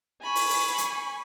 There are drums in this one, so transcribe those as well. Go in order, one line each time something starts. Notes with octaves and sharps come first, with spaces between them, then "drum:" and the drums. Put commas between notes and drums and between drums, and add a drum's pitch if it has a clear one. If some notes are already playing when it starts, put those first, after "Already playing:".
G#5 B5 C#6
drum: open hi-hat
drum: open hi-hat
drum: hi-hat